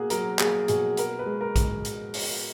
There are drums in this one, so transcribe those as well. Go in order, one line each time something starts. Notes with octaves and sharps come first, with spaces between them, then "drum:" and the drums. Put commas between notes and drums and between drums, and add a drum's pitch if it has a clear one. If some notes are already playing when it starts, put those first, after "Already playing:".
Already playing: B2 A#3 F#4 G#4
F#3 A#4, drum: hi-hat
A#3 G#4, drum: clap
B2 G#4, drum: hi-hat
B3 A#4, drum: hi-hat
B4
G#3
A#4
G#3, drum: kick, hi-hat
drum: hi-hat
drum: open hi-hat